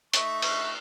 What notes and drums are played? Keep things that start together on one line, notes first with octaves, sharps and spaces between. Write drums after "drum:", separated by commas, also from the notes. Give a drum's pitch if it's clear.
A3 D#4 E5 C#6, drum: hi-hat
drum: cymbal